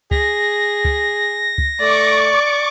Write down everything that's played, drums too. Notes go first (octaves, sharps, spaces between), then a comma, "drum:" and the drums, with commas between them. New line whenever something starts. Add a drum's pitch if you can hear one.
G#4 A#6, drum: kick
drum: kick
drum: kick
A3 D5 C#6 D6